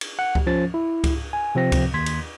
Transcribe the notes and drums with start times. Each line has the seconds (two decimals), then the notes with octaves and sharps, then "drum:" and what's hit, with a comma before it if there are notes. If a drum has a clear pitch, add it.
0.01 drum: cymbal
0.19 F#5
0.35 drum: kick C#2
0.47 F3 C#4 A6
0.74 E4
1.04 drum: kick C#2, cymbal
1.33 G#5
1.55 C3 F3 C4 A#6
1.72 drum: kick C#2, cymbal
1.94 D#2 C6 G#6 B6
2.06 drum: cymbal